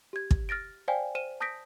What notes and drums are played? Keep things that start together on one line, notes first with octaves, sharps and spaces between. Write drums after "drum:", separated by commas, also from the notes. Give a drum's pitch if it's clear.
G4 G#6
drum: kick
F6 A6 A#6 D7
C5 D5 F5 G5 G#5
C5 D#7 E7
A5 D#6 G6 A#6 B6 D7